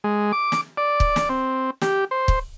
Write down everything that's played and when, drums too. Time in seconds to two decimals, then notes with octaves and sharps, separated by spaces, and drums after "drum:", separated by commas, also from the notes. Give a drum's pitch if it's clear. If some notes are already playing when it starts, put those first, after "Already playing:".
0.04 G#3
0.32 D6
0.52 drum: snare
0.77 D5
1.00 drum: kick
1.16 drum: snare
1.29 C4
1.82 G4, drum: snare
2.11 C5
2.28 drum: kick